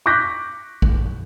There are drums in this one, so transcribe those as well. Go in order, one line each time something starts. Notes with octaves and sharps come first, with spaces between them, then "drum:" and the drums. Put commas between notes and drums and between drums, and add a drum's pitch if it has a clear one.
C#6 D6 F#6 G6 A#6 B6
drum: kick